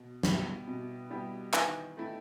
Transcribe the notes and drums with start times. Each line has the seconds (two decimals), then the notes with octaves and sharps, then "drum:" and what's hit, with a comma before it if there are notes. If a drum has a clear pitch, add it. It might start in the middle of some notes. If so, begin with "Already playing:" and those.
Already playing: B2
0.23 G3 B3 E4 G4, drum: snare
0.67 B2
1.10 G3 B3 E4 G4
1.53 D#3 E3, drum: clap
1.97 A3 E4